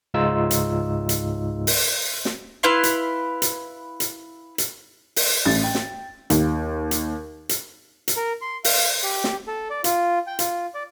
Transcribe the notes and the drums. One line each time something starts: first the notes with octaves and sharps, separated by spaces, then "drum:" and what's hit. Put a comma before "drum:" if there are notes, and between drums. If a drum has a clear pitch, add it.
C#2 G#2 G#3 D#4 F4 E6
drum: hi-hat
drum: hi-hat
drum: open hi-hat
drum: snare
E4 B4 F5 C6
drum: hi-hat
drum: hi-hat
drum: hi-hat
drum: hi-hat
drum: open hi-hat
A1 A6
G5
drum: snare
D#2, drum: hi-hat
drum: hi-hat
drum: hi-hat
drum: hi-hat
A#4
C6
F5, drum: open hi-hat
G4
drum: snare
A4
D5
F4, drum: hi-hat
G5
F4, drum: hi-hat
D5